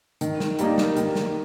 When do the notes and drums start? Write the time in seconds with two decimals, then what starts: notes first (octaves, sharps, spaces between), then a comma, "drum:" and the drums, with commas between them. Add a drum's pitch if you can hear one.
0.21 D#3, drum: hi-hat
0.40 drum: snare
0.59 G3 A#3 D#4, drum: hi-hat
0.78 drum: snare
0.97 D#3, drum: hi-hat
1.15 drum: snare